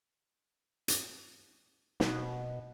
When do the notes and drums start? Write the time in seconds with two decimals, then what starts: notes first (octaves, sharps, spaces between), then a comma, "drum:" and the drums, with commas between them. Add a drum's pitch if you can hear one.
0.88 drum: hi-hat
2.00 B2, drum: snare